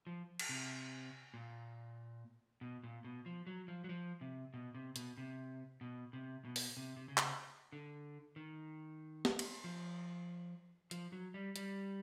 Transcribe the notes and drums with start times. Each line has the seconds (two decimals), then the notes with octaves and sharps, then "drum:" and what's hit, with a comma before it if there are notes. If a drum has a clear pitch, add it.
0.07 F3
0.39 drum: cymbal
0.49 C3
1.34 A#2
2.61 B2
2.83 A#2
3.04 B2
3.26 F3
3.47 F#3
3.68 F3
3.84 F#3
3.89 F3
4.21 C3
4.54 B2
4.74 C3
4.96 B2, drum: hi-hat
5.17 C3
5.81 B2
6.13 C3
6.45 B2
6.56 drum: open hi-hat
6.77 C3
6.97 C3
7.08 C#3
7.18 drum: clap
7.72 D3
8.36 D#3
9.25 drum: snare
9.39 drum: cymbal
9.64 F3
10.91 F3, drum: hi-hat
11.12 F#3
11.34 G3
11.56 G3, drum: hi-hat